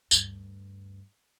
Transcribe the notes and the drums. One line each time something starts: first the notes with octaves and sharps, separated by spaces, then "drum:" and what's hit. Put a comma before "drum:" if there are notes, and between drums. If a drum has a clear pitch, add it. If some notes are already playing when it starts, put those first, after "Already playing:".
D2 G2, drum: tambourine